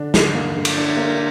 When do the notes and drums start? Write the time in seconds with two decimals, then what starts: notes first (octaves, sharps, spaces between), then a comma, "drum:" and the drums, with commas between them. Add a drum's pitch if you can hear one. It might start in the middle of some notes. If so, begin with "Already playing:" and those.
Already playing: D3 D4
0.14 D3, drum: snare
0.34 A#3
0.56 D3
0.65 drum: cymbal
0.77 D4
0.97 A#3